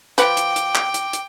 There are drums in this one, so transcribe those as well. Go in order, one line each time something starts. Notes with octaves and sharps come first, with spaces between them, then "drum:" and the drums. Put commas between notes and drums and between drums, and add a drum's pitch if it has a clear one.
F3 B4 G5 D6, drum: hi-hat
drum: hi-hat
drum: hi-hat
drum: clap
drum: hi-hat
drum: hi-hat